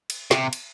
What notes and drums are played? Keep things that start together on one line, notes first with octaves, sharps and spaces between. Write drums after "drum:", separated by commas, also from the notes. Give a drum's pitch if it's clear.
drum: cymbal
C3, drum: snare
drum: cymbal